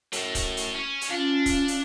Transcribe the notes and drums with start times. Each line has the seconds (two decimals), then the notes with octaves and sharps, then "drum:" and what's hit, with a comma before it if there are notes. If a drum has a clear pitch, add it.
0.13 F#2 A2, drum: hi-hat
0.35 drum: kick C#1, hi-hat
0.57 drum: hi-hat
0.75 C#4
1.01 drum: hi-hat
1.10 C#4 D4 F4
1.46 drum: kick C#1, hi-hat
1.68 drum: hi-hat